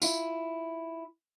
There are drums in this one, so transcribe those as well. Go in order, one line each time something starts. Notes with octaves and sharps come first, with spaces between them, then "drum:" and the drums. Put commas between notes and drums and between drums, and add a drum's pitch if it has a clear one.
E4 F4, drum: tambourine